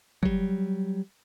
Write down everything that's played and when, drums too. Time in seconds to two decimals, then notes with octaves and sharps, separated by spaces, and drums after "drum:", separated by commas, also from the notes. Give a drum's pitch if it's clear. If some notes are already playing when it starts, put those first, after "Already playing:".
0.23 F#3 G3, drum: kick